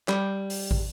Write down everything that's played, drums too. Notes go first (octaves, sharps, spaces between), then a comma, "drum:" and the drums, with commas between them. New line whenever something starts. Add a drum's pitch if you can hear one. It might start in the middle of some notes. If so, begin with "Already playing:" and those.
G3, drum: clap
drum: open hi-hat
drum: kick